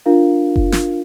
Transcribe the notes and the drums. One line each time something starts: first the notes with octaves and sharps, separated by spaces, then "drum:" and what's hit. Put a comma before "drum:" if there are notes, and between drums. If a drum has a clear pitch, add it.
D4 F4 A#4 F5
drum: kick F#1
drum: snare